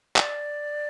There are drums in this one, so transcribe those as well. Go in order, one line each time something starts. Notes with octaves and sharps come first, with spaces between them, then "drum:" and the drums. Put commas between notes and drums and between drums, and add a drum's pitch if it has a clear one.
D5, drum: clap